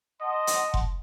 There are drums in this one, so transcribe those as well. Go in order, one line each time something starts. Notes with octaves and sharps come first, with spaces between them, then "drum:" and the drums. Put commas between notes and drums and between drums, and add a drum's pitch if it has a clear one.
D#5 F#5 A5 C6
drum: hi-hat
drum: kick F1